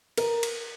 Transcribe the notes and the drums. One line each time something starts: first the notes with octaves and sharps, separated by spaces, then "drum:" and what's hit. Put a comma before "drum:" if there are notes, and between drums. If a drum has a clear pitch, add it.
A#4, drum: cymbal
drum: cymbal